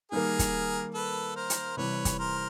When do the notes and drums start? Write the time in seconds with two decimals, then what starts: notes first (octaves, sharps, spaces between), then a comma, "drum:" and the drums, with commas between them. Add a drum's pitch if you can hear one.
0.11 D#3 G3 A#3 G#4 A#4
0.39 drum: kick, hi-hat
0.94 A4 B4
1.36 A#4 C5
1.50 drum: hi-hat
1.77 C3 E3 G3 B4 C#5
2.05 drum: kick, hi-hat
2.19 A#4 C5